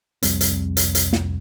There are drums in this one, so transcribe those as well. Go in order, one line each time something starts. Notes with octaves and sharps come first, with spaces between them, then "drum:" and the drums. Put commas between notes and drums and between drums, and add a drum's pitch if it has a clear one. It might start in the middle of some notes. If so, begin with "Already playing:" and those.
C2 F2 G3 C4, drum: hi-hat
drum: hi-hat
drum: hi-hat
drum: hi-hat
drum: snare